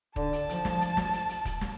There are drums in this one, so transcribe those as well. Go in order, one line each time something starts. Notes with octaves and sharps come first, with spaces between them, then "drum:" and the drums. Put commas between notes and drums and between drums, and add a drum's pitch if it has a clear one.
D3 A5, drum: kick
drum: hi-hat
F3, drum: hi-hat
drum: snare
drum: hi-hat
drum: snare
drum: hi-hat
drum: hi-hat
drum: kick, hi-hat
drum: snare